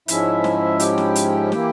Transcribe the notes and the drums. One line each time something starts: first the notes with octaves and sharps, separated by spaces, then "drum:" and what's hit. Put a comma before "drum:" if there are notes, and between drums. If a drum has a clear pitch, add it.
G#2 F3 G#3 C#4 E4 E5, drum: hi-hat
drum: snare
G4 G5, drum: hi-hat
drum: snare
drum: hi-hat
E3 A#3 E4, drum: snare